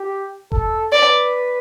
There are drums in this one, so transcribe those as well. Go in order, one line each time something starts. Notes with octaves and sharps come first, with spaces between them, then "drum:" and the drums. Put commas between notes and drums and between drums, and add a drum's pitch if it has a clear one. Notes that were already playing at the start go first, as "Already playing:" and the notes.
Already playing: G4
A4, drum: kick E1
B4 D5